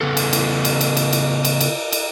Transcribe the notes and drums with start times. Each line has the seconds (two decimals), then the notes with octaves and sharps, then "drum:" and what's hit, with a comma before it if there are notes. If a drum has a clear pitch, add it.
0.01 C#3 B3 A4
0.17 drum: cymbal
0.33 drum: cymbal
0.65 drum: cymbal
0.81 drum: cymbal
0.97 drum: cymbal
1.13 drum: cymbal
1.45 drum: cymbal
1.61 drum: cymbal
1.92 drum: cymbal